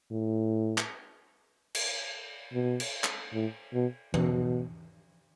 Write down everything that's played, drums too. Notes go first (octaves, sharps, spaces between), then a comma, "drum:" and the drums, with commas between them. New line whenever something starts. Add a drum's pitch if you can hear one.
A2
drum: clap
drum: cymbal
B2
drum: cymbal
drum: clap
A2
B2
B2, drum: tom E3